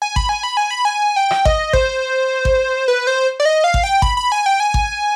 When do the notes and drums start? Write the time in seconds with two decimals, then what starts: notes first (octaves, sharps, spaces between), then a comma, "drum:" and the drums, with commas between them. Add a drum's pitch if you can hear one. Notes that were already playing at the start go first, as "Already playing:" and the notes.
0.02 G#5
0.16 B5, drum: kick G#1
0.29 G#5
0.43 B5
0.57 G#5
0.71 B5
0.85 G#5
1.16 G5
1.31 drum: rim click
1.45 D#5, drum: kick G#1
1.73 C5, drum: kick G#1
2.45 drum: kick G#1
2.88 B4
3.07 C5
3.40 D5
3.45 D#5
3.64 F5
3.74 drum: kick G#1
3.84 G5
4.02 B5, drum: kick G#1
4.17 B5
4.32 G#5
4.46 G5
4.60 G#5
4.74 drum: kick G#1